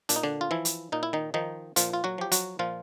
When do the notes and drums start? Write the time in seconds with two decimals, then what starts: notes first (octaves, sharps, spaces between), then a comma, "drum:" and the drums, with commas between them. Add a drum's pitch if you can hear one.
0.09 A#2 D4, drum: hi-hat
0.16 D#4
0.23 D3 D4
0.41 F4
0.51 E3 F3 E4
0.65 drum: hi-hat
0.92 A#2 D#4
1.03 E4
1.13 D#3 D#4
1.34 D#3 F3 D#4
1.76 A#2 F3 F4, drum: hi-hat
1.93 F4
2.04 F#3 F#4
2.18 F3 G4
2.32 F#3 F#4, drum: hi-hat
2.59 A#2 F3 F4